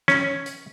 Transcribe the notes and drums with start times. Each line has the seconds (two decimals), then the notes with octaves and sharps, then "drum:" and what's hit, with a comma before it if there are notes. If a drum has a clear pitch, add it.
0.08 C#4, drum: snare
0.46 drum: hi-hat